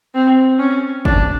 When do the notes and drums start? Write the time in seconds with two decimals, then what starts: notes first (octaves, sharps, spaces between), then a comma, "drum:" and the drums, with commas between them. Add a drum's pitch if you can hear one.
0.15 C4
0.59 C#4
1.05 D4, drum: kick